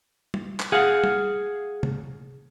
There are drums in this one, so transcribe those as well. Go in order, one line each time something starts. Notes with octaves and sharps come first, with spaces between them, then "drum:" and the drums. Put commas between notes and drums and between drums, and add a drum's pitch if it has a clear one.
drum: tom
drum: clap
G#4 F5 F#5
drum: tom
drum: tom